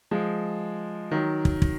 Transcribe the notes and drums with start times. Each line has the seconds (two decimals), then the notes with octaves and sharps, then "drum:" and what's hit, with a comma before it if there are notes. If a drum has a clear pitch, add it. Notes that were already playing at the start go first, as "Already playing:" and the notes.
0.11 F3 G#3
1.11 D#3 F#3
1.45 drum: kick
1.62 drum: kick